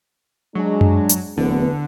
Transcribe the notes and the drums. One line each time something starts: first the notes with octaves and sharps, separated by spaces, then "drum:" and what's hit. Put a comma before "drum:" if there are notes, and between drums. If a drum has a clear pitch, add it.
F#3 G#3 D4
drum: tom F#2
drum: hi-hat
D1 E2 D3 B3